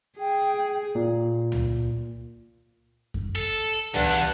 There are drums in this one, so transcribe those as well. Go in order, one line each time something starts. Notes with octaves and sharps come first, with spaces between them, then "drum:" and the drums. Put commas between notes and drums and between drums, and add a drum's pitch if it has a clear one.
G#4 G5
A#2
drum: tom
drum: kick F#2
A4
E2 G2 F#5 A5, drum: tom